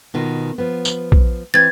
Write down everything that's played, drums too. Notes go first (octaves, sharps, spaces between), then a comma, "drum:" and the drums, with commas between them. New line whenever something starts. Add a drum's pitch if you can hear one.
B2 D#3 F4
F3 B3
drum: tambourine
drum: kick A#1
E3 C4 G#6 A6